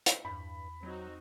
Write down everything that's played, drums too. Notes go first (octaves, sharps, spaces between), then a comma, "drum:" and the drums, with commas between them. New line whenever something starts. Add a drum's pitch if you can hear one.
drum: hi-hat
E2 G2 B5
F#3 C4 D#4 F#4